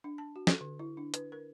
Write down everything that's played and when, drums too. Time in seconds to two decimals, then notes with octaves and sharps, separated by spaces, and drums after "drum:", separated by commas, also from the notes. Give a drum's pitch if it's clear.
0.04 D4
0.18 A5
0.36 F#4
0.47 A4, drum: snare
0.61 D3
0.79 E4
0.97 D4
1.14 B4, drum: hi-hat
1.32 A#4